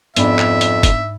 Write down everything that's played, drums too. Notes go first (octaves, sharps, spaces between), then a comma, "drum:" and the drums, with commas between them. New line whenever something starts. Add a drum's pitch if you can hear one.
F2 G#2 B3 D4 D5 E5 B5, drum: hi-hat
drum: clap
drum: hi-hat
drum: kick, hi-hat